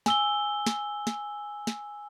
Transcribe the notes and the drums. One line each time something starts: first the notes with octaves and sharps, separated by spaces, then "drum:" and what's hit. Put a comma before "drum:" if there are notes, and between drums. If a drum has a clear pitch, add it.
G#5 E6 G7, drum: snare
drum: snare
drum: snare
drum: snare